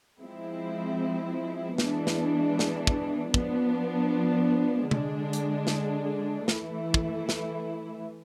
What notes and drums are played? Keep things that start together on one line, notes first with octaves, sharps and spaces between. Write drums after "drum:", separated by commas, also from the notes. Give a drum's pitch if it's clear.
F3 G#3 C4 E4
E3 G#3 B3 D4, drum: snare
drum: snare
drum: snare
drum: kick
F3 B3 D4, drum: kick
D3 G#3 D4, drum: tom C3
drum: hi-hat
drum: snare
E3 A3 E4, drum: snare
drum: kick
drum: snare